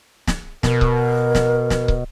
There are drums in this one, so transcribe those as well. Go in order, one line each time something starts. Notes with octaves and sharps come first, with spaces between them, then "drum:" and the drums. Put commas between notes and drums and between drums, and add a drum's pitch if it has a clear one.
drum: snare
B2 A#4, drum: snare
drum: kick C#1
drum: snare
drum: snare
drum: kick C#1